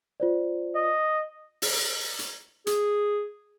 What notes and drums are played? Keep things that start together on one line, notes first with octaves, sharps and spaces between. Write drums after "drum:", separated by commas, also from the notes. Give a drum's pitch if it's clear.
F4 C5 D5
D#5
drum: open hi-hat
drum: hi-hat
G#4, drum: hi-hat